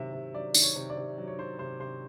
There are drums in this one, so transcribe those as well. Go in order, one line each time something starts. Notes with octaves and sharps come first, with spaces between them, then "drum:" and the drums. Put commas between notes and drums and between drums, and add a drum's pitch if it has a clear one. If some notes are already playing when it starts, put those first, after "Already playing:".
Already playing: C3 D#3 F#3 E5
C3
F#3 D5
D#3, drum: tambourine
C#5
C3
D5
C3
F#3
C#5
D#3 C5
C3 C5
C3 C5